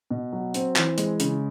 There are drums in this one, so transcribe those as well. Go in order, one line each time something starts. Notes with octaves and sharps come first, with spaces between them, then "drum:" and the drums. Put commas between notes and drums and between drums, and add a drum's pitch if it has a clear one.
B2
F#3
C4, drum: hi-hat
E3, drum: clap
G#3, drum: hi-hat
C#3, drum: hi-hat